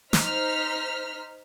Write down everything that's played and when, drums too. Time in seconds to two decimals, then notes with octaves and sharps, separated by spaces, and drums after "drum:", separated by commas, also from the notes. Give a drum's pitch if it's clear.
0.13 D#4 C5 F6 B6, drum: snare